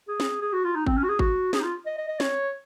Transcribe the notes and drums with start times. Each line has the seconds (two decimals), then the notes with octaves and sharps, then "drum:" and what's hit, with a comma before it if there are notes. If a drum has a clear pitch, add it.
0.08 G#4
0.20 drum: snare C4
0.42 G#4
0.53 F#4
0.64 F4
0.76 D#4
0.86 C4, drum: kick G#1
0.97 C#4
1.04 F#4
1.09 G#4
1.19 F#4, drum: kick G#1
1.53 G#4, drum: snare C4
1.60 D#4
1.64 F4
1.86 D#5
1.97 D#5
2.08 D#5
2.20 C#5, drum: snare C4